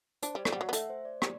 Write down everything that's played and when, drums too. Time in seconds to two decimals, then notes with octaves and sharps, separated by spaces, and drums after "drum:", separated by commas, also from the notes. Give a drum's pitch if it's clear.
0.23 D4 C5, drum: hi-hat
0.35 G3 D5
0.45 A3, drum: rim click
0.52 G3
0.56 F#3 F#5
0.69 B3
0.73 A3 E5, drum: hi-hat
0.90 C5
1.05 D5
1.22 D5, drum: rim click